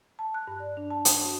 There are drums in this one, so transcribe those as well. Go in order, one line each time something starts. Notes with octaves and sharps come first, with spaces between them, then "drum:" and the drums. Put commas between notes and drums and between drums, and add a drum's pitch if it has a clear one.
A5
F#6
G2
D5
D4
A5
D#6, drum: hi-hat
F#4